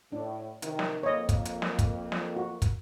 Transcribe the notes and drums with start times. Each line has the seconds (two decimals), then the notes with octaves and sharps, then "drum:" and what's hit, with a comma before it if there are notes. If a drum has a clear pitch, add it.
0.12 A2 D4
0.62 C3 D#3, drum: hi-hat
0.79 drum: snare
1.03 F2 A#3 C#5 D#5
1.29 drum: kick, hi-hat
1.45 drum: hi-hat
1.62 drum: snare
1.79 drum: kick, hi-hat
2.12 drum: snare
2.37 F#4
2.62 drum: kick, hi-hat